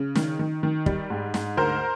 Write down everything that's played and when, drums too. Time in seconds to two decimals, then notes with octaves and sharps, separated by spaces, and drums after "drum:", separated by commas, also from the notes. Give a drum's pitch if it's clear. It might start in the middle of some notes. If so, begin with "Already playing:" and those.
Already playing: C#3
0.15 D#3, drum: snare
0.39 D#3
0.63 D#3
0.86 G3, drum: kick
1.10 G#2
1.34 G#2, drum: snare
1.57 D2 A#4 C5